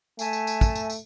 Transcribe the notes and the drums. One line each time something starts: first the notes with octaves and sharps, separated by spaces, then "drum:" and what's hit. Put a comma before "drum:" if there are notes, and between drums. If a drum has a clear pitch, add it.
A3 E5 G#5 A5, drum: tambourine
drum: tambourine
drum: tambourine
drum: kick, tambourine
drum: tambourine
drum: tambourine